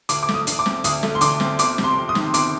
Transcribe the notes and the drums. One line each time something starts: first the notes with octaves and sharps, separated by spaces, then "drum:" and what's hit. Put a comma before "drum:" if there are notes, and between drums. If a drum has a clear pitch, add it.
D2 D6, drum: hi-hat
D6
A3, drum: snare
D#6
D3, drum: hi-hat
D6
C4, drum: snare
D2 D#6, drum: hi-hat
A3, drum: snare
C6
D3 D6, drum: hi-hat
C4, drum: snare
G1 D6, drum: hi-hat
C3, drum: snare
C6
F2
D#6
D#3, drum: snare
G1 D6, drum: hi-hat